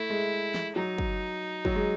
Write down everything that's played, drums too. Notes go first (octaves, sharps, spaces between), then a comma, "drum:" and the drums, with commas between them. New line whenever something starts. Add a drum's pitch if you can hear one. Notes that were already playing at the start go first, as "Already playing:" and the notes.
Already playing: A3 E4
G#3
drum: snare
F#3 D#4
drum: kick
F#3, drum: kick
G#3